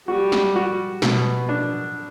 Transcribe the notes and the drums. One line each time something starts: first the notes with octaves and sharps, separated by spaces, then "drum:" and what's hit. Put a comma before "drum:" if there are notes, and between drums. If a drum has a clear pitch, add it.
G3 F#4
drum: snare
F#4
B2 B3, drum: snare
D4